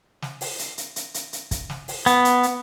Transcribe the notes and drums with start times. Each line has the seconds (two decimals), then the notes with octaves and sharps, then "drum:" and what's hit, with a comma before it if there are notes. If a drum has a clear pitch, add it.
0.22 drum: snare
0.41 drum: open hi-hat
0.59 drum: hi-hat
0.78 drum: hi-hat
0.96 drum: hi-hat
1.14 drum: hi-hat
1.33 drum: hi-hat
1.51 drum: kick, hi-hat
1.70 drum: snare
1.88 drum: open hi-hat
2.06 B3, drum: hi-hat
2.25 drum: hi-hat
2.43 drum: hi-hat